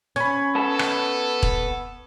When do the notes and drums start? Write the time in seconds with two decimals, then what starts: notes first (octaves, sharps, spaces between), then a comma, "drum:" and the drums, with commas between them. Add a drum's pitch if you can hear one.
0.16 C#4 B5 C#6 G#6
0.55 B3 A4 A5
0.79 drum: rim click
1.43 drum: kick